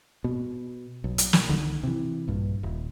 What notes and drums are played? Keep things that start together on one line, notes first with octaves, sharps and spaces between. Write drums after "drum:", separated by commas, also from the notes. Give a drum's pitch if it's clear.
B2
B1
drum: hi-hat
drum: snare
C2 D3 D#3
C3 E3
A#1 G2
D#1